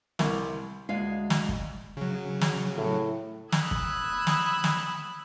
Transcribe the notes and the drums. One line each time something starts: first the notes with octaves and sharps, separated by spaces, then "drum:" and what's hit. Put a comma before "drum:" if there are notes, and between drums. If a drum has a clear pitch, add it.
C2, drum: snare
D2 G#3 F5
drum: snare
drum: kick
C#3 F#3
drum: snare
A2
B5 D#6 E6 F#6 G#6, drum: snare
drum: kick
drum: snare
drum: snare